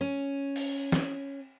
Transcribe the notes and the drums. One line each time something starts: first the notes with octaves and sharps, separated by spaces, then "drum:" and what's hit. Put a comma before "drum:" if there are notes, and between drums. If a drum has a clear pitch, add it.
C#4
drum: cymbal
drum: snare